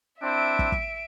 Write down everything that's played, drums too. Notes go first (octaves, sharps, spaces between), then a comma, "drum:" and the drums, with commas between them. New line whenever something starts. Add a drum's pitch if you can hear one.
C4 D4 E4 E5 D7
drum: kick
drum: kick